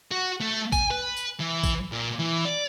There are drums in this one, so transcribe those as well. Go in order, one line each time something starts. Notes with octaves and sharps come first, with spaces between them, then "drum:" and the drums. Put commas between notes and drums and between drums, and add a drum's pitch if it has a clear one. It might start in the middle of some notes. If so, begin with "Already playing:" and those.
F#4
A3
G#5, drum: kick, tambourine
B4
drum: tambourine
E3
drum: kick, tambourine
A#2
E3
D5